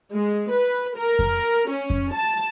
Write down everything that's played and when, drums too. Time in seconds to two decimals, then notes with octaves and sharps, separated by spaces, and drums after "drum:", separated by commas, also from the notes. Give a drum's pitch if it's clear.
0.12 G#3
0.51 B4
0.97 A#4
1.19 drum: kick F2
1.71 C#4
1.90 drum: kick F2
2.14 A5